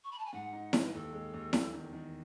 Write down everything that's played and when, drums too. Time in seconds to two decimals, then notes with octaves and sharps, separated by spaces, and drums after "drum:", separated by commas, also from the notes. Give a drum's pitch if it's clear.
0.04 C#6
0.12 B5
0.18 A5
0.26 G#5
0.33 G#2 F#5
0.53 D#4
0.73 D#4 C#5, drum: snare E4
0.85 B4
0.94 D#2 A4
1.13 G#3
1.33 D#2
1.53 E2, drum: snare E4
1.74 D#3
1.93 D#3